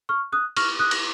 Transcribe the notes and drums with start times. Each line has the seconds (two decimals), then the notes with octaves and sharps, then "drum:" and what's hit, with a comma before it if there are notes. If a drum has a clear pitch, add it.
0.09 C#6 F6
0.32 D#6 F#6
0.57 C#6 F6, drum: cymbal
0.79 D#6 F#6
0.91 drum: cymbal